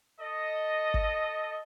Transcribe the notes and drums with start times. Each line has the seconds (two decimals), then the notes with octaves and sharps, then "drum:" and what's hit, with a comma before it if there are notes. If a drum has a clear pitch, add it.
0.20 A4 D#5
0.94 drum: kick G#1